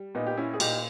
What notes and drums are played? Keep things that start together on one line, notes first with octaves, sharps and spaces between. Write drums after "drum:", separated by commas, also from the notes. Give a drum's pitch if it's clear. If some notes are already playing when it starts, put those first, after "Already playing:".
Already playing: G3
A#2 B3 D#4
G4
C#4 E4
G#4
A#2 D#4 G4, drum: cymbal